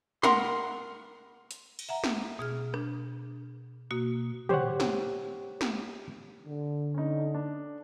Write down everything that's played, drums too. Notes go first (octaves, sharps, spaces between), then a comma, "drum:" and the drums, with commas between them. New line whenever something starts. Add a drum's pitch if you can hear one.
A#4 F#5 B5 C6, drum: snare
drum: hi-hat
drum: cymbal
E5 F#5 A#5
drum: snare
B2 G#4 F6
D4, drum: rim click
B2 A#3 F#4
G4 C5 C#5 F#5, drum: tom
drum: snare
drum: snare
D3
C#4 D#4
D4